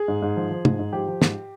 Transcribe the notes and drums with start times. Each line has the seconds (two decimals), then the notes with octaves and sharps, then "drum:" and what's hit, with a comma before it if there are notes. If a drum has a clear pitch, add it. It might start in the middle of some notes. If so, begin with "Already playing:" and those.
Already playing: G#4
0.08 G#2
0.22 G#2
0.37 F3
0.51 F3
0.65 G#2, drum: tom
0.79 G#2
0.93 F3 G4
1.08 F3
1.22 G#2, drum: snare